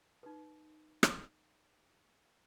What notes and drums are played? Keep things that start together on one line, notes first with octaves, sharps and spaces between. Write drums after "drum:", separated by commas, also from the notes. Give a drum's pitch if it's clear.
D#4 B4
drum: rim click